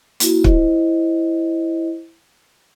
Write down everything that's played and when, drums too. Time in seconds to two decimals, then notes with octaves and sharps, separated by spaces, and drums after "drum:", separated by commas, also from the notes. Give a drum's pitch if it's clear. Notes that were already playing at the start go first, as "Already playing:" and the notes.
0.20 A#3 E4 F#4, drum: hi-hat
0.44 E4 C5 D#5, drum: kick